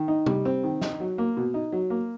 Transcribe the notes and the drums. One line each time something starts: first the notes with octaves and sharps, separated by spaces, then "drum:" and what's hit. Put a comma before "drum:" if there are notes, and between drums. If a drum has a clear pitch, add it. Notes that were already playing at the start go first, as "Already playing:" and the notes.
Already playing: D#3
D#4
G3, drum: tom
C4
D#3
D#4, drum: snare
F#3
A#3
B2
D#4
F#3
A#3